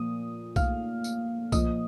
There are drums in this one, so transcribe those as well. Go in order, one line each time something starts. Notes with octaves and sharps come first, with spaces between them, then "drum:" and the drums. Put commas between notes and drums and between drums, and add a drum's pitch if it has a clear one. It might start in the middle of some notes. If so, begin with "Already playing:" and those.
Already playing: A#2 F3 D#6
F5 F6, drum: kick B1, tambourine
drum: tambourine
A#2 F3 D#5 D#6, drum: kick B1, tambourine